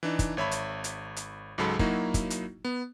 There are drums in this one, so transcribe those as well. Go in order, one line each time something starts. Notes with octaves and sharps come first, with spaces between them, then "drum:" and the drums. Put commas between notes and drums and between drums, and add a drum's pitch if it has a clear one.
E3 D4 D#4
drum: kick, hi-hat
G#1 C#5 E5 B5
drum: hi-hat
drum: hi-hat
drum: hi-hat
C#2 G#2 F#3 G#3 A4 B5
F#3 A#3 D#4 E4 F#4, drum: kick
drum: kick, hi-hat
drum: hi-hat
B3